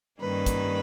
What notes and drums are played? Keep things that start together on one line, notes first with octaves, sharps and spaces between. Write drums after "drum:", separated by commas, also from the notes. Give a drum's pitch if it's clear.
G2 D#3 G3 A#3 C#4 B4
drum: kick, hi-hat